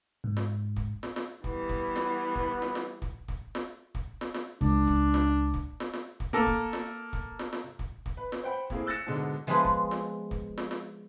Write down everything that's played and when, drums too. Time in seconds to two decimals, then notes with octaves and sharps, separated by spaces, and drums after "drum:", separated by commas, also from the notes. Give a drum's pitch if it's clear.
0.24 G#2
0.37 drum: snare
0.76 drum: kick
1.03 drum: snare
1.16 drum: snare
1.44 E3 G3 B3, drum: kick
1.69 drum: kick
1.96 drum: snare
2.35 drum: kick
2.62 drum: snare
2.75 drum: snare
3.02 drum: kick
3.28 drum: kick
3.55 drum: snare
3.95 drum: kick
4.21 drum: snare
4.34 drum: snare
4.61 C#2 D4, drum: kick
4.87 drum: kick
5.14 drum: snare
5.54 drum: kick
5.80 drum: snare
5.93 drum: snare
6.20 drum: kick
6.33 A#3 A4
6.47 drum: kick
6.73 drum: snare
7.13 drum: kick
7.39 drum: snare
7.53 drum: snare
7.79 drum: kick
8.06 drum: kick
8.17 B4
8.32 drum: snare
8.43 C5 F#5 G5 B5
8.70 A3 A#3 C4 E4 G#4, drum: kick
8.86 E6 F#6 A6 A#6 C#7 E7
9.07 G#2 B2 D3 G#3
9.47 F3 G#3 B3 F4 G#4 B4
9.65 drum: kick
9.91 drum: snare
10.31 drum: kick
10.58 drum: snare
10.71 drum: snare